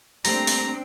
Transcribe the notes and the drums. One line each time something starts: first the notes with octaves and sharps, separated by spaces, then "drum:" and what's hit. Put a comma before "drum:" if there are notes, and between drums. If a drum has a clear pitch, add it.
G3 A3 A#3 C4 D4 A#5, drum: open hi-hat
drum: open hi-hat